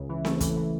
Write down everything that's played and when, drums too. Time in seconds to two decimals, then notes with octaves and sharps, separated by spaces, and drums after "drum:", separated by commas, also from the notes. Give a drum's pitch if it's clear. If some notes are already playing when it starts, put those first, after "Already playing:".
Already playing: C#2 C#3
0.09 E3
0.25 A3, drum: snare C4
0.41 E3, drum: kick, hi-hat
0.57 E3